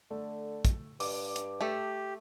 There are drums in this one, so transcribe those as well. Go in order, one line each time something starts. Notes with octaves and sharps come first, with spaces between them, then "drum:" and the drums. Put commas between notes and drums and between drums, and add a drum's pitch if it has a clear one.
D3 A3
drum: kick, hi-hat
G2 D6, drum: open hi-hat
drum: hi-hat
A3 G4 A4